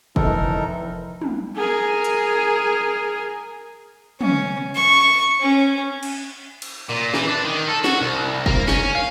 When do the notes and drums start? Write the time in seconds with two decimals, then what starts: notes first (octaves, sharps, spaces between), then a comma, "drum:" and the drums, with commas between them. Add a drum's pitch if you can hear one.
0.16 F1 E3 D#4 A4 A#4, drum: kick
1.22 drum: tom
1.56 G#4 A#4
2.04 drum: hi-hat
4.21 C#4, drum: tom
4.75 C#6
5.41 C#4
6.03 drum: cymbal
6.62 drum: cymbal
6.89 A#2
7.14 E3, drum: snare
7.28 D4
7.45 D#3
7.68 A4
7.84 F#4, drum: snare
8.02 C2
8.46 A#3, drum: kick
8.68 C#4, drum: snare
8.95 F5